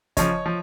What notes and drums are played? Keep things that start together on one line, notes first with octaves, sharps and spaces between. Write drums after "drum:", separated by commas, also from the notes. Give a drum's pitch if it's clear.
C#3 F3 C#5 D#5, drum: kick, hi-hat
F3